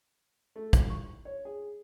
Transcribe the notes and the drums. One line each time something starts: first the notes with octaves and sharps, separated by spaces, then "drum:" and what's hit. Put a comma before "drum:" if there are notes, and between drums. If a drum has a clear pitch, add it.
A3
C2, drum: kick, hi-hat
C#6
C#5
G#4